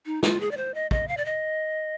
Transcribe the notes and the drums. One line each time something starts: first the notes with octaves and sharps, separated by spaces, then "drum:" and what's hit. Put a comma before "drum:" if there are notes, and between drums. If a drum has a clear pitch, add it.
D#4
F4, drum: snare
G#4
D5
C5
D#5
D#5, drum: kick
F5
D5
D#5